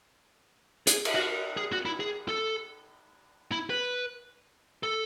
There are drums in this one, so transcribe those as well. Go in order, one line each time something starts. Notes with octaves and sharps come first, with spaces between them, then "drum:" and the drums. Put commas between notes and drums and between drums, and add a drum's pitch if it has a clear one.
G#4, drum: hi-hat
drum: cymbal
F#4
G#4
F#4
E4
G#4
A4
E4
B4
A4